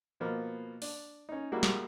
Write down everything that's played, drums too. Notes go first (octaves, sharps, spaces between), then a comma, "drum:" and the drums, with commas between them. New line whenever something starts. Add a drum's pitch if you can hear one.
B2 F3 A#3 B3
D4, drum: open hi-hat
C#4 D#4
G3 G#3 A#3 E4 F#4
drum: snare